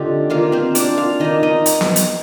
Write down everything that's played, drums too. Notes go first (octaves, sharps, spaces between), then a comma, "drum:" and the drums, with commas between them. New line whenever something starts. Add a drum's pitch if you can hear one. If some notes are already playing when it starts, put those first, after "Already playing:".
Already playing: D3 A3 C4 D#4 F4 G4
D#3 A#3 F4 F5
C4 C5
D4 D5, drum: hi-hat
F4 F5
D#3 A#3 D#4 D#5
D#4 D#5
drum: hi-hat
drum: snare
drum: hi-hat